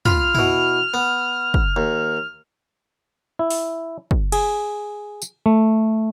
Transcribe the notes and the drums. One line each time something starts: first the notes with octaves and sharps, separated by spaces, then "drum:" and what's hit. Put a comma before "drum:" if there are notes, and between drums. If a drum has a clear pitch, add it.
F4 B5 F6, drum: tom
B2 E4, drum: tom
B3
drum: kick
D#2
E4
drum: open hi-hat
drum: kick
G#4, drum: cymbal
drum: tambourine
A3